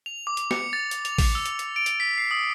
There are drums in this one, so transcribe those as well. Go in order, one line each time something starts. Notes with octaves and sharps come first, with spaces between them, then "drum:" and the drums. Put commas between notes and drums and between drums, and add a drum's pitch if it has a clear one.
F7
D6
drum: hi-hat
C#7, drum: snare
A6
drum: hi-hat
F7, drum: hi-hat
drum: kick A1, open hi-hat
E6
drum: hi-hat
drum: hi-hat
D7
drum: hi-hat
B6
C7
D#6